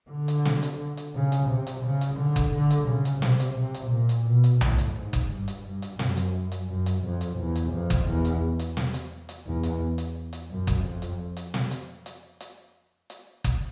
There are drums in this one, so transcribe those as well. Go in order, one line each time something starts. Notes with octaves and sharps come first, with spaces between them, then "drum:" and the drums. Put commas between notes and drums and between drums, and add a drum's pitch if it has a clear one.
D3
drum: hi-hat
drum: snare
drum: hi-hat
drum: hi-hat
C#3
drum: hi-hat
C3
drum: hi-hat
C#3
drum: hi-hat
D3
drum: kick F#1, hi-hat
D3
drum: hi-hat
C#3
drum: hi-hat
C3, drum: snare
drum: hi-hat
C3
drum: hi-hat
A#2
drum: hi-hat
B2
drum: hi-hat
A2, drum: tom B1
drum: hi-hat
G#2
drum: kick F#1, hi-hat
G2
drum: hi-hat
G2
drum: hi-hat
F#2, drum: snare
drum: hi-hat
drum: hi-hat
F#2
drum: hi-hat
F2
drum: hi-hat
E2
drum: hi-hat
F2
drum: kick F#1, hi-hat
E2
drum: hi-hat
drum: hi-hat
drum: snare
drum: hi-hat
drum: hi-hat
E2
drum: hi-hat
drum: hi-hat
drum: hi-hat
F#2
drum: kick F#1, hi-hat
F2
drum: hi-hat
drum: hi-hat
drum: snare
drum: hi-hat
drum: hi-hat
drum: hi-hat
drum: hi-hat
drum: kick F#1, hi-hat